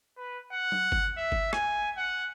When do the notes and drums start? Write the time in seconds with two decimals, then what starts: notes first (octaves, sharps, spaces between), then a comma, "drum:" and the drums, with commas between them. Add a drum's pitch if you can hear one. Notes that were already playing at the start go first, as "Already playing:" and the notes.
0.17 B4
0.52 F#5
0.72 drum: tom F#3
0.92 drum: kick G1
1.18 E5
1.32 drum: kick G1
1.53 G#5, drum: rim click
1.97 F#5